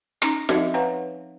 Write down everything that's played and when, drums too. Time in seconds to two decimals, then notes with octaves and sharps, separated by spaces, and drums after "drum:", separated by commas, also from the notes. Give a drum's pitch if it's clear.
0.22 C#4 D#4 A#5, drum: rim click
0.49 F3 C4 D#4 D#5 E5, drum: snare
0.74 B4 C#5 F5 F#5 G#5 A#5